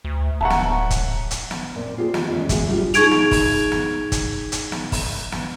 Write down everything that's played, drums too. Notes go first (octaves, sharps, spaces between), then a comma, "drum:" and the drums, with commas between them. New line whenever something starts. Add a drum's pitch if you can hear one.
D2
D1 E5 F#5 A5 A#5 C#6
drum: snare
drum: kick, hi-hat
drum: hi-hat
drum: snare
A#2 C4
C4 F4 G4 G#4 C5
D#3, drum: snare
E2 C#3 G#3 A3 B4
E3 G#3 B3 F#4 G#4, drum: kick, hi-hat
G3 D4 F4 G4
D#4 G#4 C#6 G#6 D7 F7, drum: hi-hat
drum: snare
drum: kick, open hi-hat
drum: snare
drum: kick, hi-hat
drum: hi-hat
drum: snare
drum: kick, open hi-hat
drum: snare